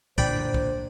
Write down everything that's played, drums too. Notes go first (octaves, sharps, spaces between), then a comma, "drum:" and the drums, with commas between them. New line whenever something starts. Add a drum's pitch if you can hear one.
A#2 D3 E3 D4 C5 D5 G5 B5, drum: kick
drum: tom F#2
drum: kick